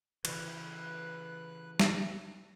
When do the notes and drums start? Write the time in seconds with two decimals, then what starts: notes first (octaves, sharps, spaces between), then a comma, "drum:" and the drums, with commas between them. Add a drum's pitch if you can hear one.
0.25 C#3 E3 B4 F#6, drum: cymbal
1.79 drum: snare